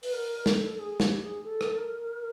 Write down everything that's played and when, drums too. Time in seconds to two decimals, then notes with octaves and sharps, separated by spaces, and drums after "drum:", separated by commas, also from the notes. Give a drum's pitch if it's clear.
0.03 B4, drum: open hi-hat
0.13 A#4
0.46 A4, drum: snare
0.79 G#4
1.00 G4, drum: snare
1.23 G#4
1.43 A4
1.61 drum: rim click
1.77 A#4